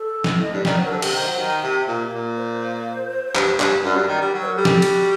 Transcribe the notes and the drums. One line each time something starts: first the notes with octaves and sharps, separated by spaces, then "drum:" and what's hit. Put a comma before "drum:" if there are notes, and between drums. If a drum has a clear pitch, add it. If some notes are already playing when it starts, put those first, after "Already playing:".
Already playing: A4
A2, drum: snare
A2 D#5
G2 D5
D#3 D5, drum: snare
F#3 C5
A#4
D3 C5
C3, drum: cymbal
D#3
F#3
D#3
C3
A#2
A#2
C5
G2, drum: clap
G2, drum: clap
F#2 D5
G2
D#3
G3
F#3
C5
A#4
G3 A4
G4, drum: snare
A4
F#4, drum: cymbal